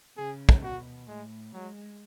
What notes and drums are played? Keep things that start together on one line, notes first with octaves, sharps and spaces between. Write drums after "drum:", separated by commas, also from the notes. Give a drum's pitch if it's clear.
C#3 G#4
drum: kick
B2 F#4
A2 G#3
F#3 G#3